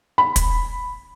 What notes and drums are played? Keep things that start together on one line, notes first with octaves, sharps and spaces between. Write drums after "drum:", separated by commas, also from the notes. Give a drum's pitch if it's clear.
B5
drum: kick, hi-hat